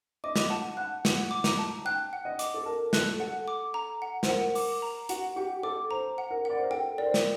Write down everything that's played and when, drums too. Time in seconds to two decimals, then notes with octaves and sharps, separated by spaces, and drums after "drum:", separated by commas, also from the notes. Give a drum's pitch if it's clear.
0.24 D#5 D6
0.36 drum: snare
0.50 F#5 A5
0.77 F#5 F#6
1.05 F#5, drum: snare
1.31 D6
1.44 A#5, drum: snare
1.58 A5
1.85 G5 F#6
2.13 F#5
2.25 D#5
2.39 D6, drum: hi-hat
2.54 A4
2.66 A#4 A5
2.93 A4 F#6, drum: snare
3.20 A4 F#5
3.48 D6
3.74 A#5
4.02 F#5
4.23 C5, drum: snare
4.29 A#4 F#5
4.55 D6, drum: open hi-hat
4.82 A#5
5.09 F#4 F#5, drum: hi-hat
5.36 G4 F#5
5.63 A4 D6
5.91 C5 A#5
6.18 F#5
6.31 A#4
6.45 D5 F#5
6.58 C5
6.64 A#4
6.71 A4 G5
6.98 A#4 D5
7.06 C5
7.14 A#4, drum: snare